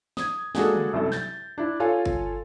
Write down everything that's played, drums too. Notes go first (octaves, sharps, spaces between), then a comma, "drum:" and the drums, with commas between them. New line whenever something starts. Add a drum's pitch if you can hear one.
D#6 G#6, drum: snare
G#3 A#3 D4 F#4 G#4 A4, drum: snare
drum: tom
C2 F#2 A4
G6 A6, drum: snare
D4 E4
F4 A4 C#5 F5 G#5
drum: kick G1